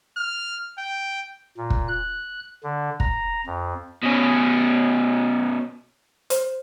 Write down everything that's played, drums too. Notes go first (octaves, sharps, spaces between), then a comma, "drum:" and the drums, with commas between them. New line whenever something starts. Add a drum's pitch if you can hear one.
F6
G5
A#2
drum: kick
F#6
D3
A#5, drum: kick
F2
B2 C#4
C5, drum: hi-hat